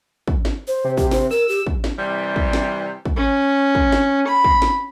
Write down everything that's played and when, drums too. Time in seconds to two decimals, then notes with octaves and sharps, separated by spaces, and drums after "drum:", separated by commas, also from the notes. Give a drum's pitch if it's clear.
0.28 drum: kick
0.45 drum: snare
0.68 C5
0.84 C3
0.97 G4, drum: kick
1.11 C5, drum: snare
1.31 A#4 E6
1.49 G4
1.67 drum: kick
1.84 drum: snare
1.98 C3 E3 G3
2.36 drum: kick
2.53 drum: snare
3.05 drum: kick
3.16 C#4
3.75 drum: kick
3.92 drum: snare
4.27 B5
4.44 drum: kick
4.62 drum: snare